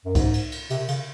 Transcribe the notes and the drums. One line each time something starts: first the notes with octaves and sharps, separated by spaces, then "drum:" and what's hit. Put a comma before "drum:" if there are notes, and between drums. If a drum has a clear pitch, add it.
F#2
G#2, drum: kick C2, cymbal
drum: cymbal
drum: cymbal
C3, drum: cymbal
C#3, drum: cymbal